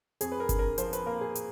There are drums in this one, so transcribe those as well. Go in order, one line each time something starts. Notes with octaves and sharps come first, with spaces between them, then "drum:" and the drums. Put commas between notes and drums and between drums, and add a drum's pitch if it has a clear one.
F2 G#4, drum: hi-hat
B4
A#4
D3, drum: kick G1, hi-hat
A#4
F3 C5, drum: hi-hat
B4, drum: hi-hat
A#3 A#4
G#4
drum: hi-hat